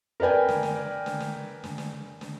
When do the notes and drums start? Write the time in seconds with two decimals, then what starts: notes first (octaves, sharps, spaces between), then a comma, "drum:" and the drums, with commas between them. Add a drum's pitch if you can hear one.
0.20 A#4 B4 D5 G5 G#5
0.48 drum: snare
0.63 drum: snare
1.06 drum: snare
1.20 drum: snare
1.64 drum: snare
1.78 drum: snare
2.21 drum: snare